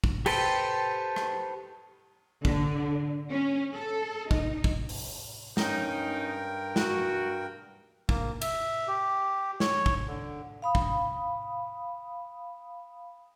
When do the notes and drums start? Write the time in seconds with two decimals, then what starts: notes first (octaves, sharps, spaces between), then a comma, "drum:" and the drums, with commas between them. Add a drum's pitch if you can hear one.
0.04 drum: kick
0.26 G4 A4 B4 C5 G5, drum: cymbal
1.16 drum: rim click
2.45 D3, drum: kick
3.31 C#4
3.74 A4
4.31 D#4, drum: kick
4.64 drum: kick
4.89 drum: open hi-hat
5.57 G2 C#4 D#4 A#4 G5, drum: snare
6.76 F#4, drum: snare
8.09 A#3, drum: kick
8.41 E5, drum: cymbal
8.88 G4
9.60 C#5, drum: snare
9.86 drum: kick
10.08 D3
10.62 F5 B5 D#6
10.75 drum: kick